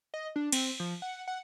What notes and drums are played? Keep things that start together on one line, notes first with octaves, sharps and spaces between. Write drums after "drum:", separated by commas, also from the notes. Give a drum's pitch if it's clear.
D#5
D4
C4, drum: cymbal
F3
F#5
F#5